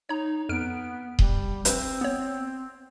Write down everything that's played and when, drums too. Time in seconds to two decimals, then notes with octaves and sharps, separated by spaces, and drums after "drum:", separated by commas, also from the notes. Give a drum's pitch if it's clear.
0.09 D#4 C#5 A#5
0.49 F2 B3 F6 D7
1.19 G3, drum: kick D#1
1.65 A#1 C4 B4 C5, drum: hi-hat
2.01 B3 C#5